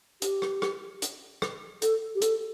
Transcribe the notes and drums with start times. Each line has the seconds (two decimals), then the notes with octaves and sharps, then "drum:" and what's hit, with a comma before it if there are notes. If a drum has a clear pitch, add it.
0.22 G4, drum: hi-hat
0.42 drum: rim click
0.62 drum: rim click
1.02 drum: hi-hat
1.42 drum: rim click
1.82 A4, drum: hi-hat
2.15 G4
2.22 A4, drum: hi-hat